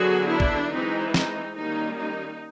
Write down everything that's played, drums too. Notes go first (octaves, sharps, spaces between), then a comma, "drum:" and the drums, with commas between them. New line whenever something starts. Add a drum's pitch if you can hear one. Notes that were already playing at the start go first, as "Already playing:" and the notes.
Already playing: D3 F#3 B3 D4 F#4 G#4
D4 E4
drum: kick A#1
E3 G#3 C4 D#4
D#4, drum: snare
D#3 G3 A#3 C#4 D#4
D#4